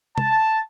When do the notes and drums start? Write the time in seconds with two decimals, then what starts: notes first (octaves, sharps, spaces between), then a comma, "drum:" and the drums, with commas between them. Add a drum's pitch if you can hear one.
0.18 A5, drum: tom C3